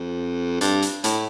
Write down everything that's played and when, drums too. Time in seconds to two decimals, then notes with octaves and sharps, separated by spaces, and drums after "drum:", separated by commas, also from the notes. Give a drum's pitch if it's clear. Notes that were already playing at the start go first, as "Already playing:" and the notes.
Already playing: F2
0.61 G2, drum: hi-hat
0.82 drum: hi-hat
1.04 A2, drum: hi-hat